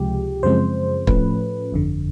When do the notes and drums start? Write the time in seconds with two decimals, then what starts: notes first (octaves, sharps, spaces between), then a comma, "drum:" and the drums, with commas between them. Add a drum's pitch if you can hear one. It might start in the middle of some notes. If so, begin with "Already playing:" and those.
Already playing: C#2 C3 F3 G#3 G4
0.43 F#2 C#3 F3 G#3 C4 C5
1.07 A2 F3 A3 C#4 B4, drum: kick
1.72 G1 F2 D3